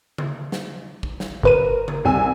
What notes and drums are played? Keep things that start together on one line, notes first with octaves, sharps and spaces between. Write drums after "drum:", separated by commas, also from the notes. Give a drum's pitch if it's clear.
drum: tom C#3
drum: snare
drum: kick
drum: snare
G1 A#4 B4 D#7
drum: tom C#3
C2 G#5 E6